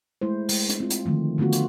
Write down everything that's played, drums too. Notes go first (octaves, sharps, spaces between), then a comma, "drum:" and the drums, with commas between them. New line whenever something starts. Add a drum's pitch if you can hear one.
G#3 A3 E4 C5
G#3, drum: open hi-hat
drum: hi-hat
C4 F4
drum: hi-hat
D3 D#3 F3 A3
D3 A3 B3 F4 F#4
drum: hi-hat